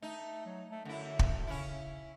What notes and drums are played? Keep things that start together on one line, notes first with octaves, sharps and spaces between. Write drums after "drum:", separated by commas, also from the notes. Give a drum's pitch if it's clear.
A3 D#4
F#3
A3
F#2 D3 E4
drum: kick
C#3 C#4 E4